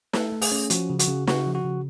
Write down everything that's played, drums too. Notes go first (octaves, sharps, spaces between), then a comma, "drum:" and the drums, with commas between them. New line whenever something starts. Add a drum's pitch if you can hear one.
A3 A4, drum: snare
A3
G#4, drum: open hi-hat
C#4
F3 F#4, drum: hi-hat
C#3
F#4, drum: hi-hat
C#3
C#3 F#4, drum: snare
F3
F#4
C#3